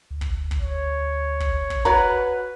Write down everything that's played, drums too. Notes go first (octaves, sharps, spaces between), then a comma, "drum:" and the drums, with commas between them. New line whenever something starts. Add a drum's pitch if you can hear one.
D2
drum: kick
drum: kick
C#5
drum: kick
drum: kick
F#4 B4 C#5 A#5, drum: kick